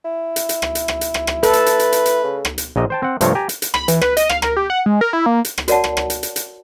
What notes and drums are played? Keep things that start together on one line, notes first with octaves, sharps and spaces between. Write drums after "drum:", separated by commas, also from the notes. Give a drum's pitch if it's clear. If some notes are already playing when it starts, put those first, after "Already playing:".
E4
drum: hi-hat
drum: hi-hat
drum: rim click
drum: hi-hat
drum: rim click
drum: hi-hat
drum: rim click
drum: rim click
A4 B4, drum: hi-hat
drum: hi-hat
drum: hi-hat
drum: hi-hat
drum: hi-hat
drum: hi-hat
C#3
drum: rim click
drum: hi-hat
A#1 A#2 D#5
C5 G5 A5
C4 F#5
G2 C3 F3 A3 C4 C#5, drum: hi-hat
G4 G#5 A#5
drum: hi-hat
drum: hi-hat
B5, drum: rim click
E3, drum: hi-hat
B4, drum: rim click
D#5, drum: hi-hat
F5, drum: rim click
A#4, drum: rim click
G4
F#5
G#3
A#4
E4
A#3
drum: hi-hat
drum: rim click
F#4 A#4 C#5 D5 F#5 A5, drum: hi-hat
drum: rim click
drum: rim click
drum: hi-hat
drum: hi-hat
drum: hi-hat